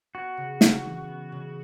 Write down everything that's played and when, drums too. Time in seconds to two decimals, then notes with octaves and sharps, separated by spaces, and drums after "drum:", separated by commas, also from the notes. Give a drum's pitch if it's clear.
0.15 B3 F#4
0.37 C#3
0.61 C#3, drum: snare
0.85 E3
1.08 B3
1.32 C#3